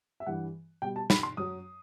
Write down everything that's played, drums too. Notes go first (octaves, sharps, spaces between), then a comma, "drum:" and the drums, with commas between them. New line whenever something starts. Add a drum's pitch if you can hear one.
E5
G2 E3 G3 F#5
B2 G3 G5
A5
B5, drum: snare
C6
F#2 F#3 D#6